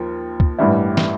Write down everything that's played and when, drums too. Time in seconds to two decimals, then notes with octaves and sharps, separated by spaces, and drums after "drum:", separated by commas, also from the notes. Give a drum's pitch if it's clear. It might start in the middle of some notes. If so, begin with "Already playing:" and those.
Already playing: D#2 F3
0.40 drum: kick C#2
0.58 A1 G2 E3 G3 E4
0.97 drum: snare